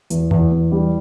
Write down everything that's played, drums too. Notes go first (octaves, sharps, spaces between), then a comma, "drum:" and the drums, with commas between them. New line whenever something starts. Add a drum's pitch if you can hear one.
E2, drum: hi-hat
E2, drum: tom F2
E2
G3